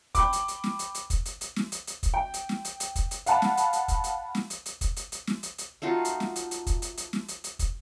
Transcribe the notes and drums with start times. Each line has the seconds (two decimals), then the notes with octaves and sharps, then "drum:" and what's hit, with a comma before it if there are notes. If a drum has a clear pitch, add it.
0.15 G5 B5 D6, drum: kick, hi-hat
0.33 drum: hi-hat
0.48 drum: hi-hat
0.64 drum: snare
0.79 drum: hi-hat
0.95 drum: hi-hat
1.10 drum: kick, hi-hat
1.25 drum: hi-hat
1.41 drum: hi-hat
1.56 drum: snare
1.72 drum: hi-hat
1.87 drum: hi-hat
2.03 drum: kick, hi-hat
2.14 G5
2.34 drum: hi-hat
2.49 drum: snare
2.65 drum: hi-hat
2.80 drum: hi-hat
2.95 drum: kick, hi-hat
3.11 drum: hi-hat
3.26 F5 F#5 A5 B5, drum: hi-hat
3.42 drum: snare
3.57 drum: hi-hat
3.73 drum: hi-hat
3.88 drum: kick, hi-hat
4.04 drum: hi-hat
4.35 drum: snare
4.50 drum: hi-hat
4.66 drum: hi-hat
4.81 drum: kick, hi-hat
4.96 drum: hi-hat
5.12 drum: hi-hat
5.27 drum: snare
5.43 drum: hi-hat
5.58 drum: hi-hat
5.82 A3 D#4 F4 F#4
6.05 drum: hi-hat
6.20 drum: snare
6.36 drum: hi-hat
6.51 drum: hi-hat
6.67 drum: kick, hi-hat
6.82 drum: hi-hat
6.97 drum: hi-hat
7.13 drum: snare
7.28 drum: hi-hat
7.44 drum: hi-hat
7.59 drum: kick, hi-hat